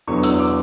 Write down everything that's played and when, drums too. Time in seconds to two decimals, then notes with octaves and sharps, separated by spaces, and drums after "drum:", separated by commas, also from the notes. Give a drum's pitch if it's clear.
0.07 E2 D3 F#3 B3 C#6
0.23 E6, drum: hi-hat
0.40 D6